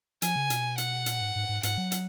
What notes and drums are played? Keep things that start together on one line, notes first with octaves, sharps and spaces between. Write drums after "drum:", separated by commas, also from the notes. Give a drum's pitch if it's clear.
F3 G#5, drum: hi-hat
C#3
B2, drum: hi-hat
F#5, drum: hi-hat
A#2, drum: hi-hat
G#2
G#2
G#2
G#2 F#5, drum: hi-hat
F#3
drum: hi-hat